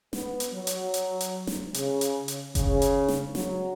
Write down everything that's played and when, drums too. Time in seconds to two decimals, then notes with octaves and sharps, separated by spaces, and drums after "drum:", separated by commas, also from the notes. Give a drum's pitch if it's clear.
0.13 B3, drum: snare
0.40 drum: hi-hat
0.53 F#3
0.67 drum: hi-hat
0.94 drum: hi-hat
1.21 drum: hi-hat
1.47 drum: snare
1.74 C#3, drum: hi-hat
2.01 drum: hi-hat
2.28 drum: hi-hat
2.55 C#3, drum: kick F#1, hi-hat
2.82 drum: hi-hat
3.08 drum: snare
3.35 F#3, drum: snare